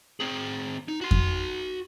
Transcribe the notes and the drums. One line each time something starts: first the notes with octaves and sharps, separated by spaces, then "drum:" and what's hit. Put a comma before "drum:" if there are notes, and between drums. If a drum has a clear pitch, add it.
C4 G#4
D#4
F#4 C6
drum: kick F2